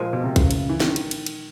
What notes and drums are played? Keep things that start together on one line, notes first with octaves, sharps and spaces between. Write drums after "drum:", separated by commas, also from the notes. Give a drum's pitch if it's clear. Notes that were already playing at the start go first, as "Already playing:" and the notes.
Already playing: A#2 F3 G#3
B2
C3
C#3, drum: kick, cymbal
drum: cymbal
E3
D#3, drum: snare
drum: cymbal
drum: cymbal
drum: cymbal